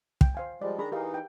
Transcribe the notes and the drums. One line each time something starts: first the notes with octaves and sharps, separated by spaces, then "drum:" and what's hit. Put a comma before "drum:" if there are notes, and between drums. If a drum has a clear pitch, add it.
G5, drum: kick
C5 F5 G#5
F3 G3 G#3 D5
D#3 D4 G#4 A#5 B5
E3 D#4 G4 A#4 F5
G5